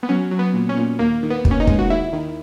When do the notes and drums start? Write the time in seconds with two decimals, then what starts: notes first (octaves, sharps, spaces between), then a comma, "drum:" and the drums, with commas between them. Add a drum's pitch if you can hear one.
0.03 B3
0.09 F#3 C#4
0.31 F#3
0.39 B3
0.54 A#2
0.69 C#4
0.77 A#2
0.99 D#2 A#3
1.23 D#3
1.30 B3
1.45 D#2, drum: kick
1.51 C#4
1.60 D#4
1.67 G#3, drum: kick
1.79 F#4
1.90 D#2 E4
2.13 D#3